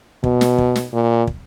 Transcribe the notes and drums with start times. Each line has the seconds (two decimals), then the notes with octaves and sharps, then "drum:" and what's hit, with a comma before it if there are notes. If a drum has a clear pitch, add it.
0.24 B2, drum: kick
0.41 drum: snare
0.58 drum: kick
0.76 drum: snare
0.93 A#2
1.27 drum: kick